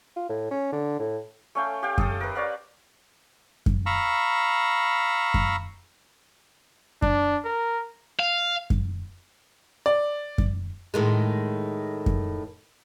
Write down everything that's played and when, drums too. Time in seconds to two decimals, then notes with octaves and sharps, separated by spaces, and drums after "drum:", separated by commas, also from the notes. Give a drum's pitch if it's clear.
0.16 F4
0.29 A2
0.51 C#4
0.72 D3
0.99 A2
1.55 A3 C#4 F5 G5
1.83 G4 F5 G5
1.98 A4 A5 D#6, drum: kick F#2
2.21 A#4 B4
2.35 C#5 D5 F5 B5
3.66 drum: kick F#2
3.86 F5 A#5 B5 C#6 E6
5.34 drum: kick F#2
7.02 D4, drum: kick F#2
7.45 A#4
8.19 F5
8.70 drum: kick F#2
9.86 D5
10.38 drum: kick F#2
10.94 A2 D#3 G#3
12.06 drum: kick F#2